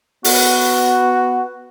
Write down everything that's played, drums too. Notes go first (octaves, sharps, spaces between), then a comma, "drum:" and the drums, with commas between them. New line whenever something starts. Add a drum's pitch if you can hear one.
B3 F#4, drum: open hi-hat